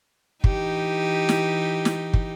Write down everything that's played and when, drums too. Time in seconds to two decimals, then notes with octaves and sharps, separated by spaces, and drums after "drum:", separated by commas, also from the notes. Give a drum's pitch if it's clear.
0.44 E3 D#4 G4, drum: kick
1.29 drum: snare
1.85 drum: snare
2.14 drum: kick